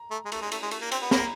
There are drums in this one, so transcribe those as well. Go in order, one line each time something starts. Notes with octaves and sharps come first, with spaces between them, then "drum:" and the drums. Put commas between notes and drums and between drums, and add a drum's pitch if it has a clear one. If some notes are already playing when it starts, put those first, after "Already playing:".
Already playing: A#5
A3
G#3
A3, drum: cymbal
G#3
A3, drum: cymbal
G#3
A3, drum: cymbal
A#3
C4, drum: cymbal
B3
A#3 B5, drum: snare
A#5